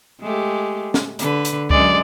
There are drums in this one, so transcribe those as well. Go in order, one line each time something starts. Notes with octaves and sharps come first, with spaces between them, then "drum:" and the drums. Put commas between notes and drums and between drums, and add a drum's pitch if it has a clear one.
G#3 A3 G4
drum: snare
D3 B4, drum: hi-hat
drum: hi-hat
F#2 G#3 D5, drum: kick C#2